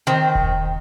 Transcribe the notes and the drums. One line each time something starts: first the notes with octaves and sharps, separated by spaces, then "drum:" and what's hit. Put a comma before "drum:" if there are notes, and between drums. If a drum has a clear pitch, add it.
D#3 C4
drum: kick E1